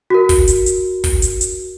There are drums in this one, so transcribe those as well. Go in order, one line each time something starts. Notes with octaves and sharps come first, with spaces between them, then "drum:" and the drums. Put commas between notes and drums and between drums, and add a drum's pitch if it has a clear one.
F#4 A#4
drum: kick, open hi-hat
drum: hi-hat
drum: hi-hat
drum: kick, open hi-hat
drum: hi-hat
drum: hi-hat